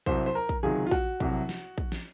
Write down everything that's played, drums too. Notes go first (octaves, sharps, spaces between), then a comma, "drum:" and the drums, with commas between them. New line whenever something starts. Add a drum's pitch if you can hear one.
C2 C3 F#3 C5, drum: kick
C5
A#4
drum: kick
C#2 C3 D#3 F#3 G#4
F4
F#4, drum: kick
C2 C3 F#3, drum: kick
drum: snare
drum: kick
drum: snare